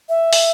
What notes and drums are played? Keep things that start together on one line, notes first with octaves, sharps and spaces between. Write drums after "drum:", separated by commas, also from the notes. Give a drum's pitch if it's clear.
E5
drum: open hi-hat